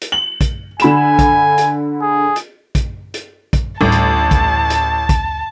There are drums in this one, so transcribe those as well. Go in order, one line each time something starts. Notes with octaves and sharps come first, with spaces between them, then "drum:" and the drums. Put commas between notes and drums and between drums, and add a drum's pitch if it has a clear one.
drum: hi-hat
F#7
drum: kick, hi-hat
D3 G#5 B5 E7, drum: hi-hat
drum: kick, hi-hat
drum: hi-hat
G#4
drum: hi-hat
drum: kick, hi-hat
drum: hi-hat
drum: kick, hi-hat
A1 D2 G3 D4 A5
drum: hi-hat
drum: kick, hi-hat
drum: hi-hat
drum: kick, hi-hat